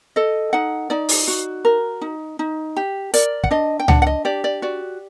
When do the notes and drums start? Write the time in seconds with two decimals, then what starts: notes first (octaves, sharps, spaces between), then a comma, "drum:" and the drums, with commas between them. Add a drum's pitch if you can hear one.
0.16 A4 D#5
0.53 D#4 F#5
0.90 D#4 D5
1.09 drum: open hi-hat
1.28 F#4
1.65 A#4
2.01 D#4
2.39 D#4
2.77 G4
3.14 A#4 D5, drum: hi-hat
3.44 F#5, drum: kick
3.51 D4 D#5
3.80 G5
3.88 D4 F#5, drum: tom C#2
4.02 F#5
4.07 D#5
4.25 G4 D5
4.44 D5
4.62 F#4 D5